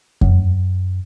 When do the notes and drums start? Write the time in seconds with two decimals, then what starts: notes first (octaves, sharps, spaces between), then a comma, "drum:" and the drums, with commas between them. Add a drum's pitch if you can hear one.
0.21 F#2, drum: kick F2